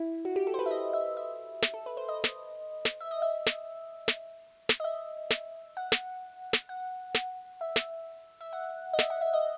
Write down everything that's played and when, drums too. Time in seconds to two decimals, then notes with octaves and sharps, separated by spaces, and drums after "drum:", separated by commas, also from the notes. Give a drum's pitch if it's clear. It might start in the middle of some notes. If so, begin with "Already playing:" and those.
Already playing: E4
0.25 F#4
0.36 G4
0.47 A4
0.54 C5
0.59 B4
0.66 E5
0.71 D#5
0.93 E5
1.17 E5
1.62 drum: snare
1.74 A4
1.86 B4
1.97 C5
2.09 D#5
2.24 drum: snare
2.85 drum: snare
3.01 E5
3.11 D#5
3.22 E5
3.46 drum: snare
4.08 drum: snare
4.69 drum: snare
4.80 D#5
4.84 E5
5.30 drum: snare
5.77 F#5
5.92 drum: snare
6.53 drum: snare
6.69 F#5
7.15 drum: snare
7.61 E5
7.76 drum: snare
8.41 E5
8.53 F#5
8.93 D#5
8.99 E5, drum: snare
9.10 F#5
9.21 E5
9.33 D#5